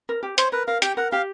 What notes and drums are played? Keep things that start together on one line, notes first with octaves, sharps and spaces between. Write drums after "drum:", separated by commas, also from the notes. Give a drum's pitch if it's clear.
A#4
G4
C5 C#5, drum: hi-hat
A#4 B4
A#4 F5
G4 G5, drum: hi-hat
A#4 F#5
G4 F5